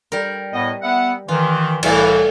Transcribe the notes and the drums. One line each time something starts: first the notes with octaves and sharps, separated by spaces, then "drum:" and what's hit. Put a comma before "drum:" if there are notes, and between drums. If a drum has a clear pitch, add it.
G3 A#4
A2 B3 D#5
B3 E5 F#5
D#3 E3 F4
C2 A2 E3 G3 A3 A4, drum: cymbal